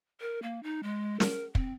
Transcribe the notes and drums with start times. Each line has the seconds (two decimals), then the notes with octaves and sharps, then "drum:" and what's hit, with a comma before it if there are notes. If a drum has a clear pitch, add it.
0.20 A#4
0.43 A#3
0.63 D#4
0.83 G#3
1.20 A#4, drum: snare
1.55 C4, drum: kick